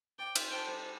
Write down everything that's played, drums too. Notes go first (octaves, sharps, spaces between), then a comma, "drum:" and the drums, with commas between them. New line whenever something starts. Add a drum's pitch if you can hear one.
D5 G5
C5, drum: cymbal
A4 G5
G3